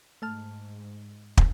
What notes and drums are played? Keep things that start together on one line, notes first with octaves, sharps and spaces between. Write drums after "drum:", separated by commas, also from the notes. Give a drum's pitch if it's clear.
G#2 A3 A5 F6
drum: kick